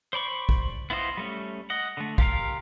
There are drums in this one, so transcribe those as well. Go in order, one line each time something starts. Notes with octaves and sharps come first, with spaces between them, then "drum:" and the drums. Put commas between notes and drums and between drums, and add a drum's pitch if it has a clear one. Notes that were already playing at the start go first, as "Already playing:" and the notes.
C5 D5 B5 C#6
drum: kick
B3 E4 F4 C5 D#5
G3 A3 C#4
D#5 F#5
D3 A3
F4 G4 A#4 F5, drum: kick